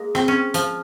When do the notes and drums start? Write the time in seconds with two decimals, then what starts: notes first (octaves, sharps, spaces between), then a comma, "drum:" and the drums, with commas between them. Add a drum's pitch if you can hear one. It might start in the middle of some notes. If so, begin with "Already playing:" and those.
Already playing: G#3 A#3
0.15 C4, drum: rim click
0.28 C#4
0.54 F3, drum: hi-hat